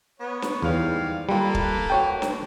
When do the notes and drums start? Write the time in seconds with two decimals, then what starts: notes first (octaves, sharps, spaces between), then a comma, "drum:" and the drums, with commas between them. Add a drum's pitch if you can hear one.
0.20 B3 C#5
0.42 drum: snare
0.62 E2 G#2 G3 F5
1.29 G3 A#3 F4 A4 B4
1.55 drum: kick
1.90 F#4 C#5 G5
2.22 drum: snare